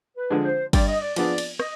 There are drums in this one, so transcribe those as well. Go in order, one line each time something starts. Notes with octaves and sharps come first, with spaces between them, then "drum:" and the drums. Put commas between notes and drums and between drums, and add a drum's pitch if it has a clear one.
B4
D3 F3 G#3 D4
C5
G2 D5, drum: kick, cymbal
D#5
D5
F3 B3 D4 G#4 D5, drum: cymbal
drum: cymbal
D#5, drum: rim click